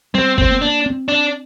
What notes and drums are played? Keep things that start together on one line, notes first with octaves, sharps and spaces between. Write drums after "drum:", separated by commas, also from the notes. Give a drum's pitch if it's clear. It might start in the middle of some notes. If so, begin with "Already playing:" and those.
G3 C4
C4, drum: kick F1
A#3
D4
C4
D4